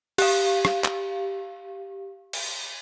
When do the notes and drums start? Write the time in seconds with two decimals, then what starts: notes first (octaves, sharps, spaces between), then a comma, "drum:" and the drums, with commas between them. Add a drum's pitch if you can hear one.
0.18 G4 F5, drum: cymbal
0.65 drum: rim click
0.84 drum: clap
2.33 drum: cymbal